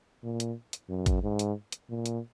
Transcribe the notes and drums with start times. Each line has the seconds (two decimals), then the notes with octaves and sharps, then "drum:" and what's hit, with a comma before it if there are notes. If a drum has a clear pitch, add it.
0.24 A#2
0.40 drum: hi-hat
0.73 drum: hi-hat
0.89 F#2
1.06 drum: kick, hi-hat
1.23 G#2
1.39 drum: hi-hat
1.72 drum: hi-hat
1.89 A#2
2.06 drum: hi-hat